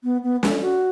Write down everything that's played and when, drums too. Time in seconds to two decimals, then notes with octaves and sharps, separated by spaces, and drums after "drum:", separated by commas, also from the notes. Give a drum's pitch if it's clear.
0.04 B3
0.23 B3
0.43 C#4, drum: snare
0.61 F#4